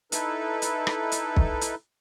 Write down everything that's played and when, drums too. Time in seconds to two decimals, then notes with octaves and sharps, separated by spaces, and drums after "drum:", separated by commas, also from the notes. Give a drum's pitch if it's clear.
0.12 D#4 E4 A4 B4, drum: hi-hat
0.62 drum: hi-hat
0.87 drum: rim click
1.12 drum: hi-hat
1.36 drum: kick
1.61 drum: hi-hat